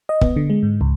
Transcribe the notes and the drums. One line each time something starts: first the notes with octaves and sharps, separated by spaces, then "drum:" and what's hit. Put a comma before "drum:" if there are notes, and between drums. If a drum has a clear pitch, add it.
D#5
B3, drum: kick
D3
G#3
G#2
C#2